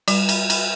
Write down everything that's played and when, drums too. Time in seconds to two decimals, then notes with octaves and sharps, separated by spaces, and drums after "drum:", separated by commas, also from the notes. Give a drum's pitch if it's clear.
0.08 G3, drum: cymbal
0.29 drum: cymbal
0.50 drum: cymbal